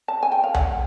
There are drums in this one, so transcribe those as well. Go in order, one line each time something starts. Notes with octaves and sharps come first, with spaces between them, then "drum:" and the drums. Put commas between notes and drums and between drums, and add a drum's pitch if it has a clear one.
A5
G#5
G5
F5
F#5, drum: tom C#2